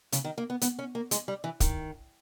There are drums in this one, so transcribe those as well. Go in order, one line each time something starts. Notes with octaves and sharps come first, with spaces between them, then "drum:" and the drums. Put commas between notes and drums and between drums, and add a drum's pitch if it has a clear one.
C#3, drum: hi-hat
D#3
A#3
B3
B3, drum: hi-hat
C#4
A#3
G#3, drum: hi-hat
G3
E3
D#3, drum: kick, hi-hat